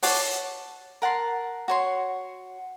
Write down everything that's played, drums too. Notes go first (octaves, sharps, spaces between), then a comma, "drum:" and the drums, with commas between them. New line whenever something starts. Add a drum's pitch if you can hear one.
C#5 F#5 A5 D6, drum: open hi-hat
A#4 F#5 A5 C6
F#4 C#5 C6